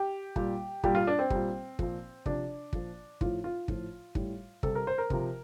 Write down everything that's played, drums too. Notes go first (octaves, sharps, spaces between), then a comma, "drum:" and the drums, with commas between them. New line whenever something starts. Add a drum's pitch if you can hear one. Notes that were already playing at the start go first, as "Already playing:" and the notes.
Already playing: G4
A#2 G3, drum: kick
A#2 G3 G4, drum: kick
F4
D4
C4
G3, drum: kick
A#2
A#2 F3, drum: kick
C3 F3 D4, drum: kick
A#2 F3, drum: kick
A2 F3 F4, drum: kick
F4
A2 F3, drum: kick
A2 G3, drum: kick
C3 G3 A4, drum: kick
A#4
C5
A#4
C3 F3, drum: kick